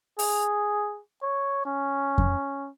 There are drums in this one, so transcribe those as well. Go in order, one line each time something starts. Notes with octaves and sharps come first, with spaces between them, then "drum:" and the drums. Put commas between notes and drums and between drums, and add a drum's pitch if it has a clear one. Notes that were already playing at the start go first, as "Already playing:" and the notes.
G#4, drum: open hi-hat
C#5
C#4
drum: kick F2